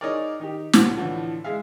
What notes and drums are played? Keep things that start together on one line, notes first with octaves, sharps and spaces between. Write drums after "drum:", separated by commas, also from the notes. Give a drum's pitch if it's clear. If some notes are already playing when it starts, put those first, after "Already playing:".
D#4 G#4 A#4 C#5 D5
D#3 D#4 G4
C2 A2 D3, drum: snare
A2 D3 E3 F3
G#3 G#4 E5 F5